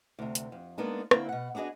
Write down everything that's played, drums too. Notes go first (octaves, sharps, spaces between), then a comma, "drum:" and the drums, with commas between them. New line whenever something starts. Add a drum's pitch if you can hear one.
D2 C3
drum: hi-hat
F2
G#3 A#3 B3 D4 D#4
D3 A#3 C4 E4, drum: rim click
B2 F#5
B3 D4 F#4 G#4 D#5